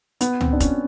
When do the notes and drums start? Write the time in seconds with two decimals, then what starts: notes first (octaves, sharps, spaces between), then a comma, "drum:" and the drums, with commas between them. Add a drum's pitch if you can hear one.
0.21 B3, drum: hi-hat
0.41 C4, drum: tom C#2
0.53 D4
0.60 C#4, drum: kick F1, hi-hat